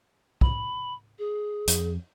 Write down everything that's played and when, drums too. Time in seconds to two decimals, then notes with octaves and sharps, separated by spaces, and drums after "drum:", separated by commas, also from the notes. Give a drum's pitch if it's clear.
0.41 B5, drum: kick
1.19 G#4
1.68 F2, drum: hi-hat